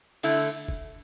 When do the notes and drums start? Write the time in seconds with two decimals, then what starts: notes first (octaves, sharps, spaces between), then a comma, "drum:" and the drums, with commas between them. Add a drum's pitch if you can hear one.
0.23 D3 A3 E4, drum: open hi-hat
0.68 drum: kick